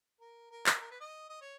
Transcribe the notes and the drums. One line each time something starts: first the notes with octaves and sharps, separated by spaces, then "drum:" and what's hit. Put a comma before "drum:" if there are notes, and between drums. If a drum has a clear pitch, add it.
A#4
A#4
A#4, drum: clap
A#4
B4
D#5
D#5
C#5